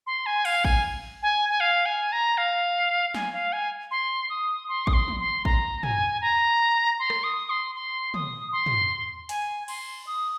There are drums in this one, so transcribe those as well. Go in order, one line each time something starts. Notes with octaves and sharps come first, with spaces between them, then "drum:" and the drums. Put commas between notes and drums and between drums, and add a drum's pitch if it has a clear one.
C6
G#5
F5, drum: cymbal
G#5, drum: kick
G#5
G#5
F5
G#5
A#5
F5
G#5, drum: snare
F5
G#5
C6
D#6
C6
D#6, drum: kick
C6
drum: tom
C6
A#5, drum: kick
G#5, drum: tom
A#5
C6
drum: rim click
D#6
C6
C6
D#6, drum: tom
C6
drum: tom
G#5, drum: hi-hat
C6, drum: cymbal
D#6